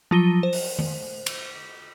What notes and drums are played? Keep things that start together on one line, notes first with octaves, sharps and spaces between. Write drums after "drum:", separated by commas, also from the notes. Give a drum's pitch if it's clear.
F3 F#3 F4 A#6 D#7 G7
C5
drum: open hi-hat
drum: tom D#3
drum: cymbal